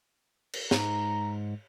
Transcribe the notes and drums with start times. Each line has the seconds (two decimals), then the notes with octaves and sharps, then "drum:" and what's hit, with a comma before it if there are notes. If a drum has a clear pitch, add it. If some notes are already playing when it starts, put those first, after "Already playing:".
0.53 drum: cymbal
0.71 G#2 A#5, drum: snare